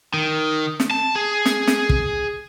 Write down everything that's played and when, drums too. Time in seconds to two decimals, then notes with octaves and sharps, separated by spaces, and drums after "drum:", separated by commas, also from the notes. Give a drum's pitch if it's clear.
0.14 D#3
0.80 drum: snare
0.91 A5
1.16 G#4
1.45 drum: snare
1.67 drum: snare
1.89 drum: kick